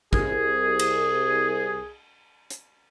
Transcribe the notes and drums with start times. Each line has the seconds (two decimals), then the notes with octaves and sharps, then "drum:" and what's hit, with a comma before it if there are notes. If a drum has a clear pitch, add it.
0.13 C2 G#4, drum: kick
0.79 drum: cymbal
2.50 drum: hi-hat